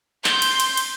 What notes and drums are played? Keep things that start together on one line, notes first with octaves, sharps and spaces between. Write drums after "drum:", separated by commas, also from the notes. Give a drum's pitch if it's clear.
C6 G6, drum: clap
drum: cymbal
drum: cymbal
drum: cymbal